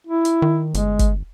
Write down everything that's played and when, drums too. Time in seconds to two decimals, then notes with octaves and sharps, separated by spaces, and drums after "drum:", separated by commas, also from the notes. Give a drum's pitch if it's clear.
0.07 E4
0.25 drum: hi-hat
0.42 D#3
0.74 G1 G#3, drum: hi-hat
0.99 drum: kick, hi-hat